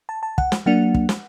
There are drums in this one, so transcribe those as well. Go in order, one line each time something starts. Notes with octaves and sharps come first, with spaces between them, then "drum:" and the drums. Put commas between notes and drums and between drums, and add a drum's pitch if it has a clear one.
A5
A5
F#5, drum: kick
drum: snare
F#3 A#3 D4 F#5
drum: kick
drum: snare